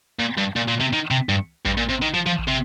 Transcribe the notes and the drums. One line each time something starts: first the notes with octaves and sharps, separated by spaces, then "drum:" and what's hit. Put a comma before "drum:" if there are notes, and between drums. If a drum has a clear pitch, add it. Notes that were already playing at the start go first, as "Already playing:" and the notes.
A#2
G2
A#2
A#2
C3
D#3
C3
G2
G2, drum: kick A1
A#2
C3
D#3
F3
F3
drum: kick A1
C3